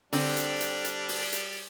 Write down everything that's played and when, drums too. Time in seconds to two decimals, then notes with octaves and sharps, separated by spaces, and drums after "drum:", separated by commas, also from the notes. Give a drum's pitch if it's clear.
0.13 D3 G3 C4 D4, drum: open hi-hat
0.37 drum: hi-hat
0.61 drum: hi-hat
0.85 drum: hi-hat
1.09 drum: open hi-hat
1.32 drum: hi-hat